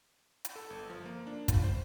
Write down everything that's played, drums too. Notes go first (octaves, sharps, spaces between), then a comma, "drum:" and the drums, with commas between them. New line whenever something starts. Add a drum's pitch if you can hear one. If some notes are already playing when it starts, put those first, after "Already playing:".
drum: hi-hat
A4
G1
F3
A#3
D4
F4, drum: kick, hi-hat
C5